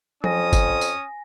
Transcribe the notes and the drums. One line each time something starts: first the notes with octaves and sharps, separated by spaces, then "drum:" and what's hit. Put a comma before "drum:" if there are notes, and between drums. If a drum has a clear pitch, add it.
F2 C#4 G#5 D#6 A#6, drum: tom F3
drum: kick, tambourine
drum: tambourine